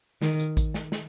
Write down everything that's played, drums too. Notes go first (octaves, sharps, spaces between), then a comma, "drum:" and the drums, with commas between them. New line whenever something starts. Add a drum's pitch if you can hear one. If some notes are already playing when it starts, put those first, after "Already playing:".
D#3, drum: snare
drum: hi-hat
drum: kick A1, hi-hat
drum: snare
drum: snare